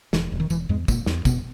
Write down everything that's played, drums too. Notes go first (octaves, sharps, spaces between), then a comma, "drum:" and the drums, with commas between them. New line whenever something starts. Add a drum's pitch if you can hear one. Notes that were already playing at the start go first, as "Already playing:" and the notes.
E1 E3, drum: snare
E1
D#3
E1 E3, drum: tambourine
E2 G#2 G#3
E1 A#2 A#3, drum: kick, tambourine
E2, drum: snare
E1 B2 B3, drum: kick, tambourine